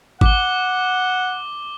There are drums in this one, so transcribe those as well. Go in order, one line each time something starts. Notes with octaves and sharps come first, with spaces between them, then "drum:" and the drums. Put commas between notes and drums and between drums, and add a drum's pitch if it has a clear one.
F#5 D6 G7, drum: kick G#1